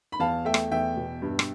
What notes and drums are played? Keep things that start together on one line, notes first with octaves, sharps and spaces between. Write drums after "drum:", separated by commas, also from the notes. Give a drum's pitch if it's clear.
B5
E2 F5 A5
A3 E5 G5
drum: rim click
E2 E5 G5
B2
G2
drum: rim click